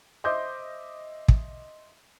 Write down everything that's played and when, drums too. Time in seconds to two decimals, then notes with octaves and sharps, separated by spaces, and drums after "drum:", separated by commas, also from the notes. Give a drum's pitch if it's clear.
0.24 C5 D#5 E5 D6 G6
1.28 drum: kick